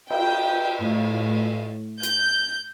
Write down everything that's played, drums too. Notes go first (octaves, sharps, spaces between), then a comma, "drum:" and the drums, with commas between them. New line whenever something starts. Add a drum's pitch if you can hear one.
G5, drum: cymbal
A2
G6, drum: hi-hat